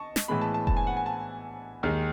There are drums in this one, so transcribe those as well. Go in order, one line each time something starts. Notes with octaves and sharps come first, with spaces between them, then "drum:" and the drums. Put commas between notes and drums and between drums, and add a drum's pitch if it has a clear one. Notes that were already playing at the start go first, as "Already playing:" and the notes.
Already playing: D#5 A5 C#6
drum: snare
A2 E3 G#3 B3 B5
A5
A5
A5, drum: kick F1
G#5
F#5
G#5
A5
D#2 D#3 G#3